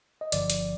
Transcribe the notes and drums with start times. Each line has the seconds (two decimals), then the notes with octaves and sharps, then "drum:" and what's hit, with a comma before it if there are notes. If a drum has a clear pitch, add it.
0.21 D#5
0.32 G1 G2 D3 F3 D5, drum: hi-hat
0.50 drum: hi-hat